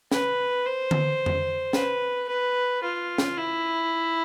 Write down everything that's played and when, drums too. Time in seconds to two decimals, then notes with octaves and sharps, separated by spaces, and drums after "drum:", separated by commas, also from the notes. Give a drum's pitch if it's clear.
0.12 B4, drum: snare
0.66 C5
0.91 drum: tom D3
1.26 drum: tom F2
1.73 B4, drum: snare
2.28 B4
2.83 F4
3.18 drum: snare
3.37 E4